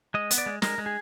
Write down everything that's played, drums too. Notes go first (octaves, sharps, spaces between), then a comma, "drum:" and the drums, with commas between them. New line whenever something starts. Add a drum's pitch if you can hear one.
G#3 D#5
B3, drum: hi-hat
D5
G#3
G#3 A#4, drum: snare
G#3
G#4